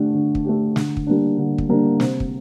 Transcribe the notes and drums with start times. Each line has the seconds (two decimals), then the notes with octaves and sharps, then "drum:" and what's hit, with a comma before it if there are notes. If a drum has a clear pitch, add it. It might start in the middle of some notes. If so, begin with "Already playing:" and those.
Already playing: D3 A3 D4 G4
0.14 D3
0.35 drum: kick
0.45 A3 D4 G4
0.76 D3, drum: snare
0.97 drum: kick
1.07 G3 A#3 D4
1.38 D3
1.58 drum: kick
1.69 G3 A#3 D4
2.00 C3, drum: snare
2.20 drum: kick